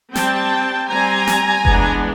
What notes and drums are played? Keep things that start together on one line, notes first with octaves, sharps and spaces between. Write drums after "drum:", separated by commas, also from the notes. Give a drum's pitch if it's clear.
G3 C4 G5 A5, drum: snare
G3 C4 G#5 A#5
drum: snare
E3 G#3 B3 D4, drum: kick F#1